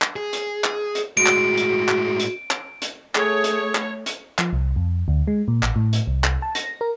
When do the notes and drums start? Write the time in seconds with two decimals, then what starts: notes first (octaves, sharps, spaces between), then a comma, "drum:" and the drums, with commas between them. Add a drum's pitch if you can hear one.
0.02 drum: clap
0.16 G#4
0.33 drum: hi-hat
0.64 drum: clap
0.95 drum: hi-hat
1.17 A2 G#3 F#4 D7
1.26 drum: clap
1.57 drum: hi-hat
1.88 drum: clap
2.20 drum: hi-hat
2.51 drum: clap
2.82 drum: hi-hat
3.15 A3 G#4 C#5, drum: clap
3.44 drum: hi-hat
3.75 drum: clap
4.06 drum: hi-hat
4.39 F3, drum: clap
4.53 C2
4.76 F2
5.08 D2
5.27 G#3
5.48 A#2
5.63 A1, drum: clap
5.76 A2
5.93 drum: hi-hat
6.07 C2
6.24 drum: clap
6.42 A5
6.55 A#6, drum: hi-hat
6.81 A#4